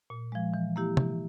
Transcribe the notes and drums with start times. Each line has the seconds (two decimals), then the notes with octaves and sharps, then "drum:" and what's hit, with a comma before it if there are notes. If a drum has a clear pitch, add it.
0.10 A#2
0.32 F3 G#3
0.54 E3
0.76 A#3 E4 G4
0.97 E3, drum: tom